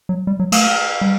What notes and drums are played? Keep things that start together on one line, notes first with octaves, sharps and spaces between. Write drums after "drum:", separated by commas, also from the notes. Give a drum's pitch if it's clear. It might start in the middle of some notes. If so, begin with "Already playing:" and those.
F#3
G3
F#3
A3, drum: cymbal
G3